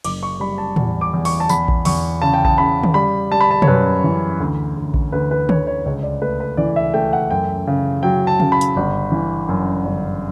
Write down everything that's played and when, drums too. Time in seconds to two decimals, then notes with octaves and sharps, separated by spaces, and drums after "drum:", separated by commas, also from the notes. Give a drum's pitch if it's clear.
0.04 F#1 D6, drum: cymbal
0.23 C#6
0.40 G3 B5
0.58 A5
0.76 E2, drum: tom A2
1.01 D6
1.13 E2
1.25 C#6, drum: open hi-hat
1.40 A5
1.49 E2 B5, drum: tambourine
1.68 drum: kick A#1
1.85 E2 C#6, drum: open hi-hat
2.22 C#3 A5
2.34 G5
2.45 A5, drum: kick A#1
2.58 C#3 B5
2.83 drum: tom D3
2.94 G3 B5
3.32 G3 A5
3.41 B5
3.51 A5
3.62 C#5, drum: tom B2
3.67 F#2 B4
4.04 E3
4.40 D2
4.77 D2
4.94 drum: kick A#1
5.12 D2 B4
5.31 B4
5.49 D2 C#5, drum: tom D3
5.67 C#5
5.86 C#2 C#5
6.03 D5
6.22 A3 B4
6.40 B4
6.57 E3 D5
6.76 E5
6.94 A3 G5
7.13 F#5
7.31 F#2 G5
7.67 C#3
8.03 F#3 G5
8.27 A5
8.40 C#3, drum: tom C#3
8.52 B5
8.61 drum: hi-hat
8.76 G1
9.12 E3
9.49 F#2
9.85 G1